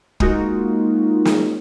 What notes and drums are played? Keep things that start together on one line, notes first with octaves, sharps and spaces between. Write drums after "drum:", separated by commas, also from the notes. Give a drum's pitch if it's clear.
G#3 A#3 D#4 F4 F#4 A#4, drum: kick
drum: snare